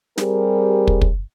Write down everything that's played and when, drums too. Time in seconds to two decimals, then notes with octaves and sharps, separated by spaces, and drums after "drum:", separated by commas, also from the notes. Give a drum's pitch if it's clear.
0.18 G3 C4 G4 G#4 A#4, drum: snare
0.88 drum: kick
1.02 drum: kick